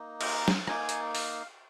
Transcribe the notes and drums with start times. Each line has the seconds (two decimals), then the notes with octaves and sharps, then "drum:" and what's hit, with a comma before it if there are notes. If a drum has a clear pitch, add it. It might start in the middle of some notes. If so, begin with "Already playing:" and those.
Already playing: A#3 D#4
0.21 A#5, drum: cymbal
0.48 drum: snare
0.67 A#3 D#4 G#5, drum: rim click
0.89 drum: hi-hat
1.15 F5, drum: open hi-hat